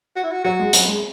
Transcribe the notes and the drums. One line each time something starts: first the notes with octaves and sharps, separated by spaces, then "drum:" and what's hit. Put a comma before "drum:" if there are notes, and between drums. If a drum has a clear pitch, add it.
F#4
E4
F#4
F#3 F#4
G#3
F#3, drum: hi-hat
G#3